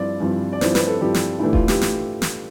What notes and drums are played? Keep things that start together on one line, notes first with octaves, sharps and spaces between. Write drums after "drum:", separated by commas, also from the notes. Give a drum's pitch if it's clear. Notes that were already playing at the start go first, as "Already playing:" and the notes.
Already playing: G2 F3 C4 E4 D5
G2 F3 C4 E4
D5
G2 F3 C4 E4 C5, drum: snare
B4, drum: snare
A4
G2 F3 C4 E4 G4
drum: snare
A2 E3 A3 D4 E4
F4, drum: kick E1
G4, drum: snare
drum: snare
drum: snare